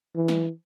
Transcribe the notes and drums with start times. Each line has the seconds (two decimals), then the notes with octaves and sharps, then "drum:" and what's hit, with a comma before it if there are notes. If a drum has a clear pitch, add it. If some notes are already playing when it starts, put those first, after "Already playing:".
0.16 E3
0.28 drum: snare